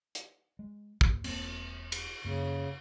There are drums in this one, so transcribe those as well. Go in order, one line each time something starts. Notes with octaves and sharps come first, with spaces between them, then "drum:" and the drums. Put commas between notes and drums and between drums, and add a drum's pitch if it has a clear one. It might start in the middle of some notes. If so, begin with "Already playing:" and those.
drum: hi-hat
G#3
D#2, drum: kick
E1 A#3 C4, drum: cymbal
drum: cymbal
F#2 C#3 A#3